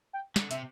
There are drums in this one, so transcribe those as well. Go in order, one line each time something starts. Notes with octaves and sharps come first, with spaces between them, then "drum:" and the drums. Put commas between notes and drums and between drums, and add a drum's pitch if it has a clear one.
G5
D3, drum: snare
C3 E5, drum: hi-hat